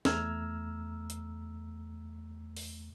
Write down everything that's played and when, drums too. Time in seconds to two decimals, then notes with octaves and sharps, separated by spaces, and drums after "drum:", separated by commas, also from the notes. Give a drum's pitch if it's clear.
0.05 E2 A3 A#5 E6 F6 G#6, drum: snare
1.10 drum: hi-hat
2.57 drum: open hi-hat